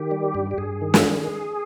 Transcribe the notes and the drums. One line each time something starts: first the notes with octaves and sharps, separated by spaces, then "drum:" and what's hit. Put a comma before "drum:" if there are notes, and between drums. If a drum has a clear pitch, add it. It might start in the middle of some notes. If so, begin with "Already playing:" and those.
Already playing: D#3 G4
G3
G2
G4
G2 G#4
D#3
drum: snare